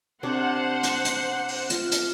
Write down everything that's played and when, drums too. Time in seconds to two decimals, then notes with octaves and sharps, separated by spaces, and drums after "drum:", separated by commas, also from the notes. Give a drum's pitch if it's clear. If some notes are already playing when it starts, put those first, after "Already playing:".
0.23 C3 D4 C5 F#5
0.83 drum: hi-hat
1.05 drum: hi-hat
1.48 drum: open hi-hat
1.70 F4, drum: hi-hat
1.92 drum: hi-hat